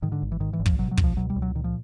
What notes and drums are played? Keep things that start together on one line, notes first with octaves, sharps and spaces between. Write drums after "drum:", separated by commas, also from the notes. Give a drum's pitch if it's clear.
G#2 D#3
D3
G#1
E3
G#2 D#3
E3
G#1
F3, drum: kick
B2 F#3
F#3
C#2, drum: kick
F3
B2 F#3
G3
C#2
F#3
A#2 D#3
F3